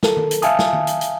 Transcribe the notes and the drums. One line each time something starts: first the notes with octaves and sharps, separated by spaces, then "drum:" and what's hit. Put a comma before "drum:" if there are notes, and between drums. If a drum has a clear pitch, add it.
A4 A#4, drum: snare
drum: tom D#3
drum: hi-hat
E5 F5 G#5 A5 D#6, drum: hi-hat
drum: snare
drum: tom D#3
drum: hi-hat
drum: hi-hat